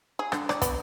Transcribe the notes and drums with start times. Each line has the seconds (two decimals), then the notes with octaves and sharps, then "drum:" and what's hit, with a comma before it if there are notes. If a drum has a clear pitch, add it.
0.19 G#4
0.32 D3, drum: rim click
0.49 D5, drum: rim click
0.62 B3, drum: kick, hi-hat